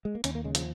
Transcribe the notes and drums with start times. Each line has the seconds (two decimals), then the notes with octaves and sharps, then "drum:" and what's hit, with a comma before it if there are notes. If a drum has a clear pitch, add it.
0.05 G#3
0.15 A#3
0.24 D#2 C#4, drum: hi-hat
0.35 A#3
0.44 C#3 G#3
0.55 F3, drum: hi-hat